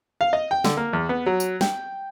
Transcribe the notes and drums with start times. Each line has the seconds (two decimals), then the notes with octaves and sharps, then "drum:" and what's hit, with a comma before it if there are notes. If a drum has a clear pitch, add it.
0.21 F5
0.33 D#5
0.51 G5
0.64 D3, drum: snare
0.77 A#3
0.93 E2
1.09 B3
1.26 F#3
1.40 drum: tambourine
1.61 G5, drum: snare